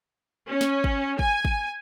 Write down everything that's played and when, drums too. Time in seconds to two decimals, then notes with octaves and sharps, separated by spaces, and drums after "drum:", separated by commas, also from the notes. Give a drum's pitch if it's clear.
0.50 C#4
0.61 drum: snare
0.84 drum: kick
1.19 G#5, drum: kick
1.45 drum: kick